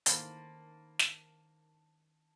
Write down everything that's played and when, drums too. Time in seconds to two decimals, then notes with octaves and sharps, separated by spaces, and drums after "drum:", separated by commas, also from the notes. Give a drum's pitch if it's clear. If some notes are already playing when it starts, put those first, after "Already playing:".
0.06 D#3 A#3 C5 F5 A5 B5, drum: hi-hat
0.99 drum: snare